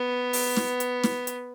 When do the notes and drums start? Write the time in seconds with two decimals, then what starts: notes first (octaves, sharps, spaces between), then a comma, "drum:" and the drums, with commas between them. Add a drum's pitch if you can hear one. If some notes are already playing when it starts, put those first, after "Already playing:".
Already playing: B3
0.33 drum: open hi-hat
0.57 drum: snare
0.80 drum: hi-hat
1.04 drum: snare
1.27 drum: hi-hat